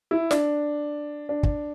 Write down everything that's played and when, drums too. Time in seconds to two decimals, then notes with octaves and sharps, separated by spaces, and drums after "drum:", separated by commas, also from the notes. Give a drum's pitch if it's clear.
0.11 E4
0.31 D4, drum: snare
1.29 D4
1.43 drum: kick